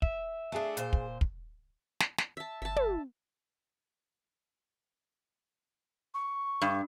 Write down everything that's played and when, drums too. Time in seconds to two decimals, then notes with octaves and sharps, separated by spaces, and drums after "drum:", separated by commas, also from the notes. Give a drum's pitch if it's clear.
0.02 E5, drum: kick
0.52 A3 D4 G#4 F5 G#5
0.77 A#2 C5, drum: hi-hat
0.93 drum: kick
1.21 drum: kick
2.00 drum: snare
2.18 drum: snare
2.37 E5 A5
2.62 G1 E5 A5
2.76 drum: tom
6.14 C#6
6.62 G2